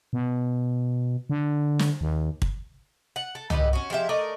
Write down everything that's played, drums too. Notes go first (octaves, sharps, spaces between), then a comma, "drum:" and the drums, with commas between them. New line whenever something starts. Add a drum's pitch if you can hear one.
B2
D3
drum: snare
D#2
drum: kick
F#5
A4
D#4 G4 B4, drum: tom
C#4 F#4
F3 G#3 G4 E5
A3 A#4 D5 D#5